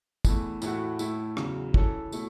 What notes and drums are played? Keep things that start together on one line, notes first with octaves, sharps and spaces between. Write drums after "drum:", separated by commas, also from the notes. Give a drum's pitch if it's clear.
E2 E3 A3, drum: kick, tambourine
A2 E3 A3 F#4, drum: tambourine
A2 A3 E4, drum: tambourine
E2 C#3 F#3, drum: rim click
E3 C#4 A4, drum: kick
B2 A3 E4, drum: tambourine